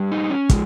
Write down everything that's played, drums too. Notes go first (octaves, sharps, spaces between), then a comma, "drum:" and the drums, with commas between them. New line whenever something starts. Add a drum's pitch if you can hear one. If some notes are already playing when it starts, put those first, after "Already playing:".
Already playing: G2 G3
D#4
C#4
F3 G#3, drum: kick, hi-hat